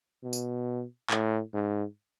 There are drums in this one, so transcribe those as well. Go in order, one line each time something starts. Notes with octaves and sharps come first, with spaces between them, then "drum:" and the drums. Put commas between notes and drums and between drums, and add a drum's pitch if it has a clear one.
B2
drum: tambourine
A2, drum: clap
G#2